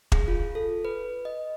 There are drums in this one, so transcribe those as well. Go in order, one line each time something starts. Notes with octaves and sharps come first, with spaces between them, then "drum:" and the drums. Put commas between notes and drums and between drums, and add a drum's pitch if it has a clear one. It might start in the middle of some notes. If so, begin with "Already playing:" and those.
G#4, drum: kick E1
F4
A4
B4
D#5